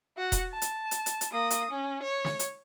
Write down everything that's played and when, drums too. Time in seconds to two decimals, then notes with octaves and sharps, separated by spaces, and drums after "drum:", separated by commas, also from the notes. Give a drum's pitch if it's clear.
0.17 F#4 F#5
0.32 drum: kick E1, hi-hat
0.52 A5
0.62 drum: hi-hat
0.91 drum: hi-hat
1.06 drum: hi-hat
1.21 drum: hi-hat
1.32 A#3 D#6
1.50 drum: hi-hat
1.71 C#4
2.02 C#5
2.25 drum: snare
2.39 drum: hi-hat